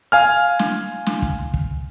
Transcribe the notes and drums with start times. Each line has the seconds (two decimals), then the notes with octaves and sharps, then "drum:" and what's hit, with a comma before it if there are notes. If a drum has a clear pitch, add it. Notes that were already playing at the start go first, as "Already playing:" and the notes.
0.12 F5 G#5 F6
0.59 drum: snare
1.06 drum: snare
1.22 drum: kick
1.54 drum: kick